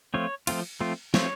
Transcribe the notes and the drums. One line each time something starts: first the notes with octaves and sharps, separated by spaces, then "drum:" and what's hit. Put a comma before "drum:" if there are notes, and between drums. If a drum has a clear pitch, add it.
F3 A3 C4 F4 C#5
F3 A3 C4 F4, drum: cymbal
F3 A3 C4 F4
F3 A3 C4 F4 C#5, drum: snare